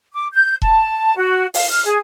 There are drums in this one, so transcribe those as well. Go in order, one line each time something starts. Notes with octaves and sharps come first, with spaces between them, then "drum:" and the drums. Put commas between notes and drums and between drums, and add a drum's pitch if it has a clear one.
D6
G6
A5, drum: kick E1
F#4
F5, drum: open hi-hat
F6
G#4